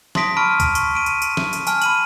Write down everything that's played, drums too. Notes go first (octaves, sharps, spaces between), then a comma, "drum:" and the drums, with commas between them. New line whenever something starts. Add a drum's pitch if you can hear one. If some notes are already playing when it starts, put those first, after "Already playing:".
A5 C6 D#6 A#6 B6 D7, drum: snare
A5 B5 C#6 F6 D7 D#7
drum: kick C2, tambourine
C#6, drum: tambourine
D7 D#7
drum: tambourine
drum: tambourine
drum: snare
drum: tambourine
G#5 A5 F6, drum: tambourine
B5 D#7 F#7, drum: tambourine